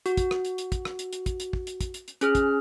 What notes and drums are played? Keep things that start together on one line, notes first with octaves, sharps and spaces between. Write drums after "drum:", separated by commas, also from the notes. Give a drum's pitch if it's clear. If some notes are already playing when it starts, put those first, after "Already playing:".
F#4, drum: hi-hat
drum: kick, hi-hat
drum: rim click
drum: hi-hat
drum: hi-hat
drum: kick, hi-hat
drum: rim click
drum: hi-hat
drum: hi-hat
drum: kick, hi-hat
drum: hi-hat
drum: kick
drum: hi-hat
drum: kick, hi-hat
drum: hi-hat
drum: hi-hat
C#4 G#4 F6, drum: hi-hat
drum: kick, hi-hat